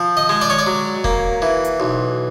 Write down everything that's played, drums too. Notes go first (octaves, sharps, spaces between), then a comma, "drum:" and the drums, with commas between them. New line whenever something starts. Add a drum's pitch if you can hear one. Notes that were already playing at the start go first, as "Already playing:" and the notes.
Already playing: F3
D#5
G#3
D5
C#5
D5
F#3
A#3, drum: kick E1
E3
drum: hi-hat
B1